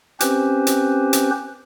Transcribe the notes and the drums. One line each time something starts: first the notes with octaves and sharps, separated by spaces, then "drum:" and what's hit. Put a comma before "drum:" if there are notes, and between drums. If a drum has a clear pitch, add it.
C4 C#4 G4 B4 C5, drum: hi-hat
drum: hi-hat
drum: hi-hat